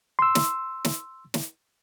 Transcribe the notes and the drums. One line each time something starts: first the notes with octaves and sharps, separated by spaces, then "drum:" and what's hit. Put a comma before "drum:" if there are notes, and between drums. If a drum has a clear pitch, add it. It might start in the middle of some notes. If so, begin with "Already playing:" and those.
C6 E6
drum: snare
drum: snare
drum: snare